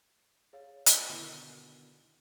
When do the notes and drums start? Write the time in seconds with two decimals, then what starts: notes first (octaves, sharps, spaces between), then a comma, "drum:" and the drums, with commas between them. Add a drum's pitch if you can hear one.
0.53 G#4 C#5 F5 A6
0.86 drum: hi-hat
1.09 B2 D3 D#3 E4 A#4 E5